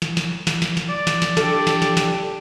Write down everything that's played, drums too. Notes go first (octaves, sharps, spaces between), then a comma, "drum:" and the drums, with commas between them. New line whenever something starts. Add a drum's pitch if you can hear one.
drum: snare
drum: snare
drum: snare
drum: snare
drum: snare
D5
drum: snare
drum: snare
D4 G4 A4, drum: snare
drum: snare
drum: snare
drum: snare